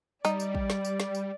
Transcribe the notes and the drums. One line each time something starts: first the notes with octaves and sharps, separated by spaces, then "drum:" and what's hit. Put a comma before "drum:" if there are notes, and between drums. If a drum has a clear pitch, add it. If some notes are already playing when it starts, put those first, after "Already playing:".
G3 D#4 D5, drum: tambourine
drum: tambourine
drum: kick
drum: snare
drum: tambourine
drum: snare
drum: tambourine